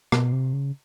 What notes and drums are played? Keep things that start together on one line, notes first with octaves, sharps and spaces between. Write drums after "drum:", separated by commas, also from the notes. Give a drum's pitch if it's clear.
B2, drum: rim click
C3
C#3